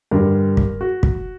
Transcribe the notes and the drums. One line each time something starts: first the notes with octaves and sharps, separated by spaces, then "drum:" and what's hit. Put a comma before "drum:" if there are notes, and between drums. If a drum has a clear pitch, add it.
G2 D3 G3 A#4
drum: kick
F#4
drum: kick